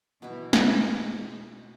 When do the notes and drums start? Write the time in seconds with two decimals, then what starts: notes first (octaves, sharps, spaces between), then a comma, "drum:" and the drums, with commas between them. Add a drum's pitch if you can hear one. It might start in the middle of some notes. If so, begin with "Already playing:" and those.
0.22 B2 E3 B3 E4
0.53 drum: snare
0.68 G#3